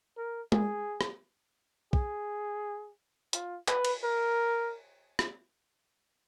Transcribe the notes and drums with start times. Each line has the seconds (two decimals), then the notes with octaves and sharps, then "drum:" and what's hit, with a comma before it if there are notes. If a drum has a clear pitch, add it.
0.17 A#4
0.52 G#4, drum: tom G#3
1.01 drum: rim click
1.93 G#4, drum: kick
3.33 F4, drum: hi-hat
3.68 B4, drum: clap
3.85 drum: cymbal
4.04 A#4
5.19 drum: rim click